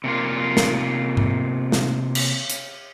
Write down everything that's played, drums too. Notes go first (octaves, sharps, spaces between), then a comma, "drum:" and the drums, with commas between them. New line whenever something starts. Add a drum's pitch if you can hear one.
C3 A#3 F4
drum: snare
drum: tom G#2
drum: snare
drum: cymbal
drum: hi-hat